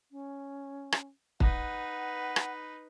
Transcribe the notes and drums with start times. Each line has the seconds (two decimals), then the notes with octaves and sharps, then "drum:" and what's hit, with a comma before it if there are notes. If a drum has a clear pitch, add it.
0.11 C#4
0.92 drum: rim click
1.40 D#4 B4 F#5, drum: kick
2.36 drum: rim click